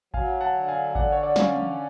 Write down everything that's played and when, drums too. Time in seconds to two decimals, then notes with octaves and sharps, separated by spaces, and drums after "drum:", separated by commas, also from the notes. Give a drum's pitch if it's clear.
0.14 F#3 F5 G#5, drum: kick G#1
0.41 F#5 A5
0.54 D3
0.68 F5 G#5
0.95 D3 D5 F#5, drum: kick G#1
1.12 C#5
1.23 D5
1.36 C#4 C#5 F5, drum: snare
1.56 drum: tom